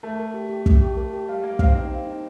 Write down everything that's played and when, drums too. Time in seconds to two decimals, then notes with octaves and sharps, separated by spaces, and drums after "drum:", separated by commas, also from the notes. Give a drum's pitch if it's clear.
0.03 A3 A#4
0.20 A#4
0.34 G4
0.50 G4
0.66 G4, drum: kick
0.81 G4
0.97 A#4
1.13 G4
1.28 G3 F5
1.44 A#3 F5
1.59 C4 F5, drum: kick
1.75 C4 D#4
1.91 F5
2.07 D#4